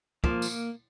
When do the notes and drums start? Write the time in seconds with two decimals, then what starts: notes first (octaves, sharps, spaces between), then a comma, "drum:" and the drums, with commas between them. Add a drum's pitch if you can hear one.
0.24 F3 A#3, drum: kick
0.42 drum: tambourine